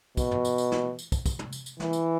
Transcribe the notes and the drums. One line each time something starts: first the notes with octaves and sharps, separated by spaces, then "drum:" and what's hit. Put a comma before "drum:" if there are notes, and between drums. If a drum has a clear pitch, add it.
B2, drum: kick, tambourine
drum: tom
drum: tambourine
drum: tambourine
drum: snare
drum: tambourine
drum: kick, tambourine
drum: kick, tambourine
drum: tom
drum: tambourine
drum: tambourine
E3, drum: snare
drum: tambourine